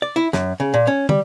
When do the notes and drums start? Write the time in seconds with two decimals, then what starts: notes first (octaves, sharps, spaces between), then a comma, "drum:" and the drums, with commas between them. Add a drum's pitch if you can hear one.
0.02 D5
0.16 E4
0.33 F#2, drum: snare
0.60 C#3
0.74 A#2
0.87 C#4
1.09 G3, drum: tom